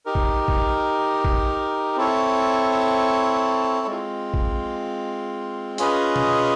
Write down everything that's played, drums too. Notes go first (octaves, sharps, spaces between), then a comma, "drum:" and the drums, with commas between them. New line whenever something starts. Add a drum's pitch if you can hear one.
D#4 G4 A#4
drum: kick
drum: kick
drum: kick
C4 E4 A4 C#5
G#3 C4 F4
drum: kick
C#4 F4 G#4 B4 D#5, drum: hi-hat
drum: tom